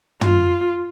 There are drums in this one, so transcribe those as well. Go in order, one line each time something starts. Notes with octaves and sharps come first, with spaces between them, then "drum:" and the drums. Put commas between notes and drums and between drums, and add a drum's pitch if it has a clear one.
F4, drum: tom